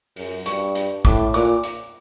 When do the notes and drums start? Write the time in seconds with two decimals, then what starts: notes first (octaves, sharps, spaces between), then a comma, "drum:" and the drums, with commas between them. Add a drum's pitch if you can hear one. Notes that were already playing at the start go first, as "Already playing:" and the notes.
0.16 F#2, drum: open hi-hat
0.46 G2 C#6, drum: hi-hat
0.75 drum: hi-hat
1.05 A2 D6, drum: kick
1.34 A#2 D6, drum: hi-hat
1.64 drum: hi-hat